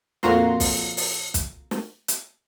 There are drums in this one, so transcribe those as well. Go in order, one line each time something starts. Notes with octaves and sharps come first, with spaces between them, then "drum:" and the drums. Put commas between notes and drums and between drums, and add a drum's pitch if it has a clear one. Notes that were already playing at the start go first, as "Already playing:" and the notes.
F2 A#2 F4 F#4 A#5 C6, drum: snare
drum: kick, open hi-hat
drum: open hi-hat
drum: kick, hi-hat
drum: snare
drum: hi-hat